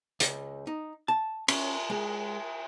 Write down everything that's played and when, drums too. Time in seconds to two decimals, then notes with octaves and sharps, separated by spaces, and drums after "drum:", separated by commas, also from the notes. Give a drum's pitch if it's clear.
0.20 C#2, drum: hi-hat
0.67 D#4
1.08 A5
1.48 C#4, drum: cymbal
1.90 G#3